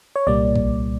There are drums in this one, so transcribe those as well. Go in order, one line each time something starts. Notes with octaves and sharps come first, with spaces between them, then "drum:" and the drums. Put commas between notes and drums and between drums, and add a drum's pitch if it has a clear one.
C#5
C2 A#2 G3 A#3 D5
drum: kick A#1